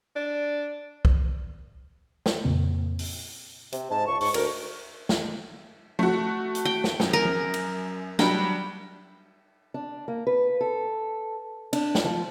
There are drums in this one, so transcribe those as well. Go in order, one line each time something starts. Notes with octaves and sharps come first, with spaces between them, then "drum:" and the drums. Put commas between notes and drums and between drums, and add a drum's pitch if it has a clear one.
D4
drum: kick
drum: snare
F2 A#2 C#3 A#3 C4
drum: open hi-hat
C3, drum: hi-hat
G#2 A5
C#2 C#6
G#2 C#6, drum: open hi-hat
D2 A#4, drum: cymbal
drum: snare
A3 F#4, drum: tom F3
drum: hi-hat
G5
drum: snare
F#2, drum: snare
A#4
drum: tom F3
drum: cymbal
F#3 G3 D4 G5, drum: snare
D4
A#3
B4
A4
D4, drum: cymbal
drum: snare
F3